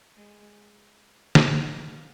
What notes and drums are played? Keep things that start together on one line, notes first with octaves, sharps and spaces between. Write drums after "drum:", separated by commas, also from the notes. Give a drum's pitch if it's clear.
G#3
drum: snare
A#3